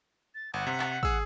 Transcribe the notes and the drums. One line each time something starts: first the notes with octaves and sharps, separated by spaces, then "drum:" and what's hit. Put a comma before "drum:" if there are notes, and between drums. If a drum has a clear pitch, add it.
A6
G1 F#5
C3
drum: clap
G#4 E6, drum: kick